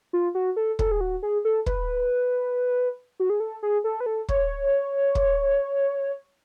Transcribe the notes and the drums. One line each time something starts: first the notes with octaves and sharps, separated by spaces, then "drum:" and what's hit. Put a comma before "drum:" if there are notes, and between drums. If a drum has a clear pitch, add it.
F4
F#4
A4
A4, drum: kick
G#4
F#4
G#4
A4
B4, drum: kick
F#4
G#4
A4
G#4
A4
B4
A4
C#5, drum: kick
drum: kick